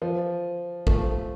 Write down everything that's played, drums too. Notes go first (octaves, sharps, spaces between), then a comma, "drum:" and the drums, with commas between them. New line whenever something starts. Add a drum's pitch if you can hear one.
F3
F3 A3, drum: kick